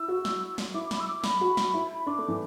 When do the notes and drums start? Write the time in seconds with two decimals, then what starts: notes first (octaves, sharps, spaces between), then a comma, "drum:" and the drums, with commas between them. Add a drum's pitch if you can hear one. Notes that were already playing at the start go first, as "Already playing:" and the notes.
Already playing: E4 E6
0.08 F#4
0.25 drum: snare
0.58 drum: snare
0.74 E4 D6
0.91 B5, drum: snare
1.00 E6
1.08 D6
1.24 B5, drum: snare
1.41 F#4
1.57 drum: snare
1.74 E4
1.95 B5
2.06 D4 D6
2.19 A3
2.28 E3